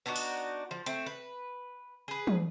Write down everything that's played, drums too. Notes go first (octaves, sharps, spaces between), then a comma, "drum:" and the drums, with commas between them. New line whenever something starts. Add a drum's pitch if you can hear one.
B3 D4 D#4 F#4
drum: open hi-hat
F3
A3 C4, drum: hi-hat
B4
G#4 B4
drum: tom E3